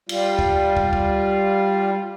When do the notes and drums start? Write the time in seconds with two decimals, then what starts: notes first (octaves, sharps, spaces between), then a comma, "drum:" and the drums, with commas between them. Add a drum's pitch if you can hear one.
0.09 G3 F4, drum: cymbal
0.39 drum: kick
0.77 drum: kick
0.93 drum: kick